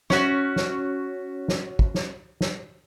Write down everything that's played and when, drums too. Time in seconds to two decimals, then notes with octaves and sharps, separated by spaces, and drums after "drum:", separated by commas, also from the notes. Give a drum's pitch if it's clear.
0.10 C#4 F#4, drum: snare
0.56 drum: snare
1.48 drum: snare
1.79 drum: kick
1.94 drum: snare
2.41 drum: snare